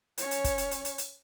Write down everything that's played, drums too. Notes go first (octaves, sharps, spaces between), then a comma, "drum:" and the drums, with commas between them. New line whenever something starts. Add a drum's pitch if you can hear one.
C#4 C#5, drum: hi-hat
drum: hi-hat
drum: kick, hi-hat
drum: hi-hat
drum: hi-hat
drum: hi-hat
drum: hi-hat